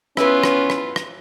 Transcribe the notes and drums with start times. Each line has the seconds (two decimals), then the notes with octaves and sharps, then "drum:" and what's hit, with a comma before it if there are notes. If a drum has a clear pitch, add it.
0.17 B3 C#4 E4 F4 B4, drum: rim click
0.43 drum: rim click
0.70 drum: rim click
0.96 drum: rim click